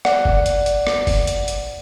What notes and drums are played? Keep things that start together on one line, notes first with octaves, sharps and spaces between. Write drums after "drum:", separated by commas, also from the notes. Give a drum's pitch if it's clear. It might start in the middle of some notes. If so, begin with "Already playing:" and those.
D5 F#5, drum: rim click
drum: kick F#1
drum: hi-hat
drum: hi-hat
drum: rim click
drum: kick F#1, open hi-hat
drum: hi-hat
drum: hi-hat